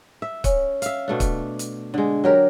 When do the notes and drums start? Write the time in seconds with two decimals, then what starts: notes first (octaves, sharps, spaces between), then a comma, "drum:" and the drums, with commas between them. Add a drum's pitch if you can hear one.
0.22 E5
0.44 C#4, drum: kick, hi-hat
0.82 E5 F5, drum: hi-hat
1.08 B2 A3 D4
1.20 drum: kick, hi-hat
1.59 drum: hi-hat
1.94 D3 G#3
2.24 F#3 G4 A#4